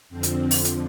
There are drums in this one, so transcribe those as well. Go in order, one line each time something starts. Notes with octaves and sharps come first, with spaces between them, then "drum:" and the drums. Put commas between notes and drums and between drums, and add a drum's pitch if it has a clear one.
F2 D3 F3 C4
drum: hi-hat
drum: open hi-hat
drum: hi-hat